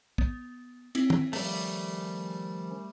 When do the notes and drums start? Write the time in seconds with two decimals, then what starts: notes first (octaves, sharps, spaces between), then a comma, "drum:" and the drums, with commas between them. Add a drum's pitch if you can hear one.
0.18 B3, drum: kick
0.95 C4 E4 B6, drum: cymbal
1.10 drum: tom
1.33 D#3 F3 G3 A3 C#4 B6, drum: open hi-hat